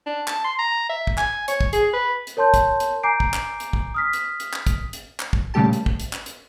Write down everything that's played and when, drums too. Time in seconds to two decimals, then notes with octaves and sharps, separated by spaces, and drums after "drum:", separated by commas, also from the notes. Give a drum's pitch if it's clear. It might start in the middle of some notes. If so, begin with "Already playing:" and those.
0.06 D4
0.28 A5, drum: clap
0.44 C6
0.59 A#5
0.89 E5
1.07 drum: kick
1.18 G#5, drum: clap
1.48 C#5, drum: hi-hat
1.61 drum: kick
1.73 G#4, drum: hi-hat
1.93 B4
2.27 drum: hi-hat
2.37 A#4 C#5 A5 C6 G6
2.54 drum: kick, hi-hat
2.80 drum: hi-hat
3.03 G#5 A#5 D6 G6 C7 D7
3.20 drum: kick
3.33 drum: clap
3.60 drum: hi-hat
3.73 drum: kick
3.94 D#6 F6 B6
4.13 drum: hi-hat
4.40 drum: hi-hat
4.53 drum: clap
4.67 drum: kick, hi-hat
4.93 drum: hi-hat
5.20 drum: clap
5.33 drum: kick
5.54 A#2 C#3 G3 A3 G4 A5
5.73 drum: hi-hat
5.86 drum: kick
6.00 drum: hi-hat
6.13 drum: clap
6.26 drum: hi-hat